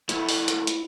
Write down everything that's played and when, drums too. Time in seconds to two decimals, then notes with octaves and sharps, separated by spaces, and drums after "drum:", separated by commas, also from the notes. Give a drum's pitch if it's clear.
0.09 A3 B3 E4, drum: hi-hat
0.29 drum: open hi-hat
0.48 drum: hi-hat
0.67 drum: hi-hat